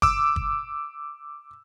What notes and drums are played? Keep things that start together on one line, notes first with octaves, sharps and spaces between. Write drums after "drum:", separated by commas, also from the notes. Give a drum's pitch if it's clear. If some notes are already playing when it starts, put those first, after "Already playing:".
D6 E6, drum: kick
drum: kick